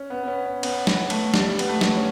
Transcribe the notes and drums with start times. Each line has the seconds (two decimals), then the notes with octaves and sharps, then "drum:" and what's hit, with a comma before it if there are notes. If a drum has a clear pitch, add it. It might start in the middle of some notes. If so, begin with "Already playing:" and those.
Already playing: C#4
0.10 B3
0.23 B3
0.28 C#4
0.46 C#4
0.63 B3, drum: cymbal
0.87 B3, drum: snare
1.10 A3, drum: cymbal
1.34 G3, drum: snare
1.59 B3, drum: cymbal
1.69 A3
1.81 drum: snare
1.96 C#4